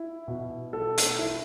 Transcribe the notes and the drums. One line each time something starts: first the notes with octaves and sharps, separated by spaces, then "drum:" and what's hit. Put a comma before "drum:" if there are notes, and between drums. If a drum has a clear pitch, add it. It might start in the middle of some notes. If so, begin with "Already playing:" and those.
Already playing: E4
B2
A4
drum: hi-hat
E4